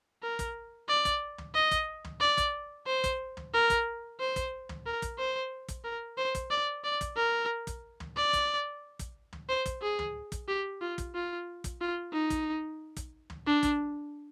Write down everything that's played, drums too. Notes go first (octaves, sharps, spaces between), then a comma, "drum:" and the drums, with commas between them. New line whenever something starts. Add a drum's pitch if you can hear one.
A#4
drum: kick, hi-hat
D5
drum: kick, hi-hat
drum: tom
D#5
drum: kick, hi-hat
drum: tom
D5
drum: kick, hi-hat
C5
drum: kick, hi-hat
drum: tom
A#4
drum: kick, hi-hat
C5
drum: kick, hi-hat
drum: tom
A#4
drum: kick, hi-hat
C5
drum: kick, hi-hat
A#4
C5
drum: kick, hi-hat
D5
D5
drum: kick, hi-hat
A#4
drum: kick, hi-hat
drum: tom
D5
drum: kick, hi-hat
drum: kick, hi-hat
drum: tom
C5
drum: kick, hi-hat
G#4
drum: tom
drum: kick, hi-hat
G4
F4
drum: kick, hi-hat
F4
drum: kick, hi-hat
F4
D#4
drum: kick, hi-hat
drum: kick, hi-hat
drum: tom
D4
drum: kick, hi-hat